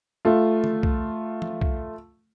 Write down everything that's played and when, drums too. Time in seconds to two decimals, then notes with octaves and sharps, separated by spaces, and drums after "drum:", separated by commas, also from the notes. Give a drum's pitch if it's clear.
0.25 A3 F4
0.64 drum: tom D3
0.83 drum: kick
1.42 drum: tom F3
1.61 drum: kick